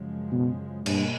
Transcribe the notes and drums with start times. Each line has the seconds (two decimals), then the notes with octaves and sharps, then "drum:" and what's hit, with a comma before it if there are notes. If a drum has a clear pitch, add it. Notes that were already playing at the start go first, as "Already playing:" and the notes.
Already playing: F#2 C#3 F3 G#3
0.32 B2
0.86 G2 B2 G3 A#3, drum: cymbal